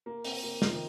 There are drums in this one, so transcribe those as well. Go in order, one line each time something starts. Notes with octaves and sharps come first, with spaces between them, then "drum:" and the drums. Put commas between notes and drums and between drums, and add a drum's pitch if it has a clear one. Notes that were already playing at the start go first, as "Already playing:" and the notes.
A#3
C4, drum: open hi-hat
A#3
F3, drum: snare
D#3